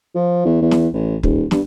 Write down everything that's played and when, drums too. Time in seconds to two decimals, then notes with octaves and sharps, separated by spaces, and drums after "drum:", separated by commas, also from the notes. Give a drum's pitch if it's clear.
0.15 F3
0.46 E2
0.61 E2
0.71 drum: snare
0.94 A1
1.23 D#1, drum: kick
1.51 G2, drum: snare